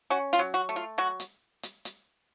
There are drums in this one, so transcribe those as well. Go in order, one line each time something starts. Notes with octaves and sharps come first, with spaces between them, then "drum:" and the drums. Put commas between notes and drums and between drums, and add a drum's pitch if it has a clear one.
C#4 F#4
F4, drum: hi-hat
F#3
F#4
A3
F4
F#3 F#4
drum: hi-hat
drum: hi-hat
drum: hi-hat